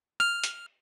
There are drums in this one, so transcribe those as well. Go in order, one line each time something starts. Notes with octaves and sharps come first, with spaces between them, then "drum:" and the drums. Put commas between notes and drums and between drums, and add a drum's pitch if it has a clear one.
F6
drum: hi-hat